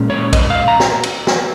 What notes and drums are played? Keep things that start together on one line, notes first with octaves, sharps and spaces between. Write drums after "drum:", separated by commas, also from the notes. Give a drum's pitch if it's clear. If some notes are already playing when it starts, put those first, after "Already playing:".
Already playing: A#2 G#3 C#4
C#5
D#5, drum: kick A#1, cymbal
F5
A#5
drum: snare
drum: cymbal
drum: snare